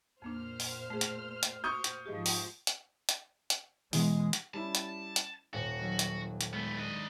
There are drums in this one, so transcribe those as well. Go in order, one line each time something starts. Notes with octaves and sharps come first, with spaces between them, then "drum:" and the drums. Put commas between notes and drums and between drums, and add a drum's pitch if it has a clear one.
F2 A#2 A#3 D4 C5 F6
drum: open hi-hat
A3 G#4
drum: hi-hat
drum: hi-hat
F#4 C#6 D#6 G6
drum: hi-hat
G#2 F3 G4 G#4 D#5
drum: open hi-hat
drum: hi-hat
drum: hi-hat
drum: hi-hat
B2 E3 G#3, drum: open hi-hat
drum: hi-hat
G3 C#4 E4 A5
drum: hi-hat
drum: hi-hat
D#1 F#4 C#5
D#3 F#3
drum: hi-hat
drum: hi-hat
G#3 A3 B3
D4 D#5